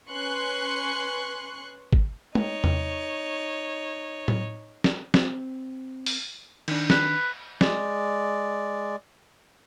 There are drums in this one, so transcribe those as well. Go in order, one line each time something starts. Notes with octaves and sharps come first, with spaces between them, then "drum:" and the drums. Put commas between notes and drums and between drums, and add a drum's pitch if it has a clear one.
C#4 B4 C6 C#6 F#6
drum: kick G#1
D#4 C#5, drum: tom
drum: tom E2
drum: tom A2
drum: snare
C4, drum: snare
drum: open hi-hat
D#3 D4, drum: cymbal
B4, drum: snare
G#3 D5, drum: snare